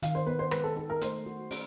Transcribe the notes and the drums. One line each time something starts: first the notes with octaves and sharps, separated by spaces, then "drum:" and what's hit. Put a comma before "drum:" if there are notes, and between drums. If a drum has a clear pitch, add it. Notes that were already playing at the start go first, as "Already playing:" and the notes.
D#3 F5, drum: hi-hat
C5
B3 B4
C5
G#3 B4, drum: rim click
A4
D#4 A4
A#4
A3 C5, drum: hi-hat
F#4
C#4, drum: open hi-hat